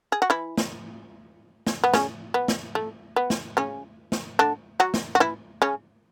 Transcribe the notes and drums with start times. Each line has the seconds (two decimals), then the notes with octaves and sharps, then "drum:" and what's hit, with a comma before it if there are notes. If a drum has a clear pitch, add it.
0.12 G#4
0.22 F#4
0.30 E3 E4
0.57 drum: snare
1.67 drum: snare
1.84 B3
1.94 C#3 C#4, drum: snare
2.34 B3
2.48 drum: snare
2.75 A3
3.16 B3
3.30 drum: snare
3.57 C#3 C#4
4.12 drum: snare
4.39 D3 D4
4.80 F#3 F#4
4.94 drum: snare
5.15 F#4
5.20 E3 E4
5.62 C#3 C#4